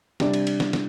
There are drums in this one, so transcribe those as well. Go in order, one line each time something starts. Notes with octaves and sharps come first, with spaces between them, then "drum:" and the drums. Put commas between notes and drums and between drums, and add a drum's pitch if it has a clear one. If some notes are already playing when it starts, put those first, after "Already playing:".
C3 G3 D4 G4 D5, drum: snare
drum: cymbal
drum: cymbal
drum: snare
drum: snare